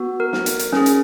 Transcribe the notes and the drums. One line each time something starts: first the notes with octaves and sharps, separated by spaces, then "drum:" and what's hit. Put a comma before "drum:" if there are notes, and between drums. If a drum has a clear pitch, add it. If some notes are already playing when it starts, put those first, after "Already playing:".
Already playing: B3 F#4
A#4
drum: snare
drum: hi-hat
drum: hi-hat
C#4 G#4, drum: snare
drum: hi-hat